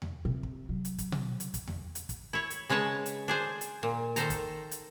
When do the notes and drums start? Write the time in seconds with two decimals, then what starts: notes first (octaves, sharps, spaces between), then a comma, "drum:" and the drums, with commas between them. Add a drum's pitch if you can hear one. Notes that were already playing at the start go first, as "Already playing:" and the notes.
0.02 drum: tom E2
0.25 C3
0.43 drum: kick
0.69 F#3
0.85 drum: hi-hat
0.98 drum: kick, hi-hat
1.12 drum: tom B2
1.40 drum: hi-hat
1.54 drum: kick, hi-hat
1.68 drum: tom E2
1.95 drum: hi-hat
2.09 drum: kick, hi-hat
2.33 E4 C#5
2.50 drum: hi-hat
2.69 C#3 G#3 B4 C#5 A5
3.06 drum: hi-hat
3.28 D4 G#4 C5
3.61 drum: hi-hat
3.83 A#2
4.16 D#3 A4 C5 A#5, drum: hi-hat
4.30 drum: kick, hi-hat
4.71 drum: hi-hat